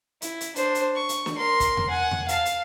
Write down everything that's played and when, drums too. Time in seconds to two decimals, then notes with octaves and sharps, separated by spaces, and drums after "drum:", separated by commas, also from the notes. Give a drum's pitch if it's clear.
0.22 E4, drum: hi-hat
0.41 drum: hi-hat
0.56 D4 C5, drum: hi-hat
0.75 drum: hi-hat
0.95 C#6
1.09 drum: hi-hat
1.26 drum: snare
1.36 A#4 C6
1.60 drum: kick, hi-hat
1.77 drum: tom E2
1.89 F#5 G#5
2.11 drum: tom E2
2.28 F5 A5, drum: hi-hat
2.45 drum: hi-hat